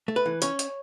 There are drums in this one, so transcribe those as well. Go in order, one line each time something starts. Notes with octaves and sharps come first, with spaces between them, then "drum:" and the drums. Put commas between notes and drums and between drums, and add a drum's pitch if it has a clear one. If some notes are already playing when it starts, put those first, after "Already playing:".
A3
B4
E3
C#4 C#5, drum: hi-hat
drum: hi-hat